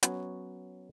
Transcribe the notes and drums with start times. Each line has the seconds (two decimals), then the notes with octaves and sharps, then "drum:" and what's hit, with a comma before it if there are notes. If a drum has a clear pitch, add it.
0.03 F#3 B3 C#4 F#4 C#5, drum: hi-hat